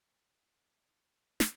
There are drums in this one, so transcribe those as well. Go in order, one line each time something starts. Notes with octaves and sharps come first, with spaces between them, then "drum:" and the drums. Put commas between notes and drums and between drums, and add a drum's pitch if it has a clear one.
C#5
D#5
D5
C#5
drum: snare